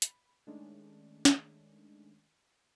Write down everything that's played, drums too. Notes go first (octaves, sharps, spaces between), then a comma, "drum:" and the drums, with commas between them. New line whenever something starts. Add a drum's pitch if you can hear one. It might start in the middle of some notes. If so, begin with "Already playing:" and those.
B5, drum: hi-hat
D#3 G#3 A3 C#4 D4
drum: snare